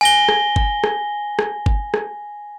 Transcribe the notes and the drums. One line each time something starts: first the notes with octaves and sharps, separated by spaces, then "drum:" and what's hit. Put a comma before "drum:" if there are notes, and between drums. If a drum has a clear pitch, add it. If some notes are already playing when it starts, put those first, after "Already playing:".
G#5 A#6 G7
drum: rim click
drum: kick G1
drum: rim click
drum: rim click
drum: kick G1
drum: rim click